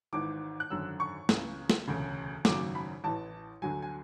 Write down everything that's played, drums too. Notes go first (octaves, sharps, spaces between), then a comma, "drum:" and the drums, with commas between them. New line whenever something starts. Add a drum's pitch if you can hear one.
G#1 G#2 E3 D6
F#6
G#1 F#2 D3 E6
C#6
C#2 C#3 E3, drum: snare
drum: snare
E1 D2 C#3
G#1 F#2 C#3 F#3 D6, drum: snare
B5
A1 A2 E3 A5
D2 D3 F#3 G#5
G#5